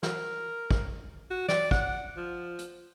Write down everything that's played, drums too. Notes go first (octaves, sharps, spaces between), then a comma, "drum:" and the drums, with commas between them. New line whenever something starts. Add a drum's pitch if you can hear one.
A#4, drum: snare
drum: kick
F#4
D5, drum: snare
F#5, drum: kick
F3
drum: hi-hat